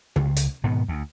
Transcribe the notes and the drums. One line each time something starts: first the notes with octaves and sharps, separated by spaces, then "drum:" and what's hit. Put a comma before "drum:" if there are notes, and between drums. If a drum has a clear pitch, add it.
C#2, drum: tom
drum: hi-hat
G#2 B2 D#3 B3
D2